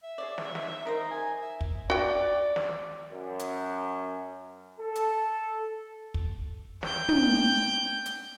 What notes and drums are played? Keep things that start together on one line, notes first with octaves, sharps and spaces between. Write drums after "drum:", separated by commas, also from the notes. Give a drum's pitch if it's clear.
E5
G#4 C#5 D5
drum: snare
D#4, drum: snare
D#3 D#4 A#4 C5
G#5
E5
drum: kick
F#4 D5 G5
drum: snare
F#2
drum: hi-hat
A4
drum: hi-hat
drum: kick
G5 G6, drum: snare
drum: tom
drum: hi-hat